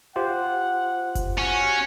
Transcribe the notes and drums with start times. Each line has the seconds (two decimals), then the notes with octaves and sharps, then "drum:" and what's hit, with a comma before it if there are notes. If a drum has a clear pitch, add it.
0.16 F4 G4 C5 F#5
1.15 drum: kick F#1, hi-hat
1.38 C#4 F#4